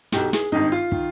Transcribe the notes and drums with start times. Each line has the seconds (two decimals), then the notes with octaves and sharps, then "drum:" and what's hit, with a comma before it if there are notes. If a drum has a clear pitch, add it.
0.12 B1 B2 G4, drum: snare
0.33 G#4, drum: snare
0.52 G#1 G2 D#3 D#4
0.72 F4
0.92 D#3, drum: kick